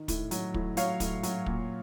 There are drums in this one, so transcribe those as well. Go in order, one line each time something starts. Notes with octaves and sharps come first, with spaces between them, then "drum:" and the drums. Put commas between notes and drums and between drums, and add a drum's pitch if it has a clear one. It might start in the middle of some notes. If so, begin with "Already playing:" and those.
Already playing: D#3
A2, drum: kick, hi-hat
F#3, drum: hi-hat
A2, drum: kick
F#3 C#5 F5, drum: hi-hat
A2, drum: kick, hi-hat
F#3, drum: hi-hat
A#2, drum: kick